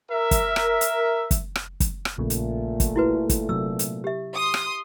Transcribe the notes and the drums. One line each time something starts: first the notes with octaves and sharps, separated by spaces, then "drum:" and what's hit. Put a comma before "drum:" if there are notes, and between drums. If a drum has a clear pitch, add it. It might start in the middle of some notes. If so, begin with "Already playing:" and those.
A#4 E5
drum: kick, hi-hat
drum: rim click
drum: hi-hat
drum: kick, hi-hat
drum: rim click
drum: kick, hi-hat
drum: rim click
A#1 A#2 C#3 A3
drum: hi-hat
drum: kick, hi-hat
E4 F#4 B4
drum: kick, hi-hat
C3 F#3 E6
drum: hi-hat
G4 E5
C6 D#6
drum: rim click